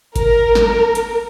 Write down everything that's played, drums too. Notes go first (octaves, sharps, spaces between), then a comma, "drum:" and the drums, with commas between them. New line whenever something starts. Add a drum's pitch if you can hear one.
A#4, drum: kick G#1, hi-hat
drum: snare
drum: hi-hat